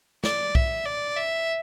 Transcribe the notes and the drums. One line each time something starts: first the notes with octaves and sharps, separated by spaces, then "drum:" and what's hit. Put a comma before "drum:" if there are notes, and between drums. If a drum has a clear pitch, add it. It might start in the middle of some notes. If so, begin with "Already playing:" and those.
D5, drum: snare
E5, drum: kick B1
D5
E5